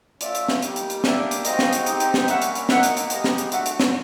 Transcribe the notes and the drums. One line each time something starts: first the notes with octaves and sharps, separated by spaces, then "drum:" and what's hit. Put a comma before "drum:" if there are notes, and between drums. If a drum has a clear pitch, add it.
A3 C#4 F4 D5 E5, drum: hi-hat
drum: hi-hat
drum: snare
G3 A#3 D#4 G4, drum: hi-hat
drum: hi-hat
drum: hi-hat
A#3 D4 G4 D5 E5, drum: snare
drum: hi-hat
G#3 C4 D#4 F#4 D#5 F5, drum: hi-hat
drum: snare
drum: hi-hat
C4 D#4 G4, drum: hi-hat
drum: hi-hat
drum: snare
G3 A#3 C#4 E5 F#5, drum: hi-hat
drum: hi-hat
drum: hi-hat
A#3 D#4 F#4 E5 F#5, drum: snare
drum: hi-hat
drum: hi-hat
G#3 B3 D#4 G4 D#5 F5, drum: hi-hat
drum: snare
drum: hi-hat
A3 D4 F#4 E5 F#5, drum: hi-hat
drum: hi-hat
drum: snare